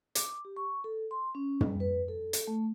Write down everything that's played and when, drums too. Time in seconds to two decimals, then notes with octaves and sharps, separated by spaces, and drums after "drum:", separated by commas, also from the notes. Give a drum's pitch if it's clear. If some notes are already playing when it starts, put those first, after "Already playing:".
0.15 D6, drum: hi-hat
0.45 G4
0.57 C#6
0.84 A4
1.11 C6
1.35 C#4
1.61 G3, drum: tom
1.80 B4
2.08 A4
2.33 drum: hi-hat
2.47 A3